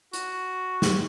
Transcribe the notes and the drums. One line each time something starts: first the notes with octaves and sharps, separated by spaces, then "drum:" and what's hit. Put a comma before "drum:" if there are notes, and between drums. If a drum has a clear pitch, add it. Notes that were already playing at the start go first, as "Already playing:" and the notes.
F#4, drum: hi-hat
drum: snare